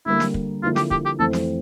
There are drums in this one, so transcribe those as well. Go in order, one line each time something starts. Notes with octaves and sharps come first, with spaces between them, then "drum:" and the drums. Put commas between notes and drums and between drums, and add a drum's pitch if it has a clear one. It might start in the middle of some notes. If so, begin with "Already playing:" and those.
D3 G3 A#3 E4
drum: snare
drum: kick
D3 F3 A#3 E4 F4
G4, drum: snare
G4, drum: kick
G4
F2 E3 A3 C4 A4
drum: snare